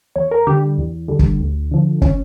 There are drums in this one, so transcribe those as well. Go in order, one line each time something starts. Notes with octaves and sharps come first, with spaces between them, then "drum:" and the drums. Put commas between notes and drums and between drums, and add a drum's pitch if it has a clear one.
E2 C#5
A#4
D3 G3 G4
E2
D3 G3
drum: kick
D2
D3 F3
C#4, drum: kick